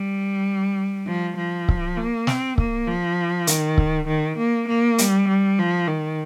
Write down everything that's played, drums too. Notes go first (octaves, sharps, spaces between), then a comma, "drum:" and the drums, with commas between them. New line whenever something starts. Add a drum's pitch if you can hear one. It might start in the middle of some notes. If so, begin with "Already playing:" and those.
Already playing: G3
F3
F3
drum: kick C#1
A#3
C4, drum: snare
A#3, drum: kick C#1
F3
D#3, drum: hi-hat
drum: kick C#1
D#3
A#3
A#3
G3, drum: hi-hat
G3
F3
D#3